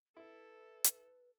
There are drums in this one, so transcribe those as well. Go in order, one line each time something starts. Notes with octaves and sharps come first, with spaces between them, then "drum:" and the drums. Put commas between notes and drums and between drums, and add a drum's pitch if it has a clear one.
E4 A4 B4
drum: hi-hat